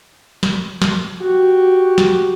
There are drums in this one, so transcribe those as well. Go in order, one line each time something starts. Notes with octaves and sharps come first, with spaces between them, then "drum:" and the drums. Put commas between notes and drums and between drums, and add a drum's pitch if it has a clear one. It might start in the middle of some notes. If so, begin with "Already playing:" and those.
drum: snare
drum: snare
F#4 G4
drum: snare